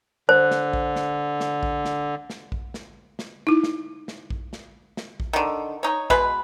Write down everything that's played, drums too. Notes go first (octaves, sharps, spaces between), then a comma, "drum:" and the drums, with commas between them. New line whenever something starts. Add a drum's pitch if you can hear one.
D3 C5
drum: snare
drum: kick A#1
drum: snare
drum: snare
drum: kick A#1
drum: snare
drum: snare
drum: kick A#1
drum: snare
drum: snare
D#4 E4
drum: snare
drum: snare
drum: kick A#1
drum: snare
drum: snare
drum: kick A#1
D3 D#3
D#4 C#5
B2 G#3 B4, drum: kick A#1